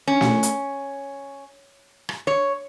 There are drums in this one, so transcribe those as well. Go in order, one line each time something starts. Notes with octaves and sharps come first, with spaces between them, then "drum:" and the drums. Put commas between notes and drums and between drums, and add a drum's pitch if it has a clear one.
C#4
drum: snare
drum: hi-hat
drum: rim click
C#5